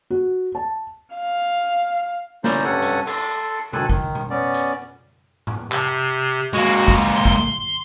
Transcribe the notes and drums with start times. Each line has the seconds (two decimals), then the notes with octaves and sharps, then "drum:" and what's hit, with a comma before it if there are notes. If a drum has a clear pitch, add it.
0.10 F#4
0.55 A5
1.15 F5
2.44 C#4 E4 C5 D5 A#5, drum: snare
2.64 G2 C3 C#4 A4 F#5 G#5
2.82 drum: hi-hat
3.07 A4 C6, drum: cymbal
3.73 D2 D#3 A4 G#5 F#6, drum: tom B2
3.89 D#3, drum: kick
4.15 drum: tom B2
4.30 B3 C#4 D5
4.54 drum: hi-hat
5.47 drum: tom G#2
5.72 C3, drum: clap
6.54 G#3 A#3 F#4
6.88 drum: kick
7.15 C6
7.25 drum: kick